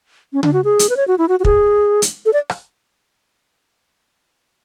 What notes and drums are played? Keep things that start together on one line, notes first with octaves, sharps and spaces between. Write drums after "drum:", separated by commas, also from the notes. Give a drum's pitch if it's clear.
C#4
D4, drum: tom C#3
F#4
G#4
drum: hi-hat
B4
C#5
F#4
E4
F#4
F#4
G#4, drum: kick
drum: hi-hat
A4
D5
drum: rim click